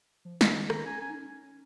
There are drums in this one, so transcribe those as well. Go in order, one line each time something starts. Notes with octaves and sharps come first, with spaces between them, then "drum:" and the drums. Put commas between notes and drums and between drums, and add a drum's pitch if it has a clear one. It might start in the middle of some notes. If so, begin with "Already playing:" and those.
F3
D#3, drum: snare
D#3
D#3 A#5, drum: rim click
C#4 G#5
C#4 G#5
D#4
C#4